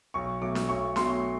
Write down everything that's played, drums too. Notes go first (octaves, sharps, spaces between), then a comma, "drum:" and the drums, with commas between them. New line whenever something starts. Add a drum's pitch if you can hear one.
B1 C#6
B2 F#3 A3 D6
drum: snare D4
B1 C#6
B2 F#3 A3 C6, drum: snare D4